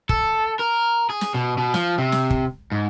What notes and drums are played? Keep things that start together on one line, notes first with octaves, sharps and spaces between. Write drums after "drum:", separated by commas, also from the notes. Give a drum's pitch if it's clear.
A4, drum: kick
A#4
G#4
drum: snare
B2
B2
F3, drum: snare
C3
drum: snare
drum: kick
G#2